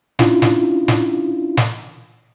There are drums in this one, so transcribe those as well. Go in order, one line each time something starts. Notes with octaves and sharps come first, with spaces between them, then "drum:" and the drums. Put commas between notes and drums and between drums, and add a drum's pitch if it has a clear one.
C#4 D4 E4 F4, drum: snare
drum: snare
drum: snare
drum: snare